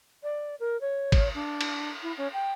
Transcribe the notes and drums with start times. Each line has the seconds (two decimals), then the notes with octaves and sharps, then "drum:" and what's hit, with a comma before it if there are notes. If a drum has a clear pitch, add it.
0.23 D5
0.60 A#4
0.81 C#5
1.12 drum: kick G#1, cymbal
1.34 D4
1.61 drum: cymbal
2.03 E4
2.17 C#4
2.33 G5